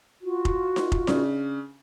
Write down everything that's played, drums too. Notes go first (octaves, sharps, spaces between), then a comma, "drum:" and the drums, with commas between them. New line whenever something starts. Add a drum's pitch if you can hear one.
F4 F#4
drum: kick F1
drum: snare D#4
drum: kick F1
C#3 D4, drum: snare D#4